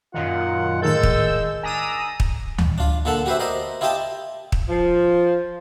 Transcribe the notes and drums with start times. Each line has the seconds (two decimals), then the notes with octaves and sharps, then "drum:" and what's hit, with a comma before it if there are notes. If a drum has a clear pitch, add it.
0.14 F#2 A#2 D#3 F4 F#5
0.82 A2 D#3 G#3 A4 A#4 E6 G6
1.03 drum: kick
1.63 D4 G#5 A#5 D#6 E6
2.20 drum: kick
2.58 drum: tom D2
2.78 D4 F4
3.05 A#2 D3 A4 F#5 A5
3.26 F#4 G4 B4 C5 E5
3.39 A#4 C5 D5 D#5
3.81 E4 F4 G4 D#5 G5 A5
4.52 drum: kick
4.68 F3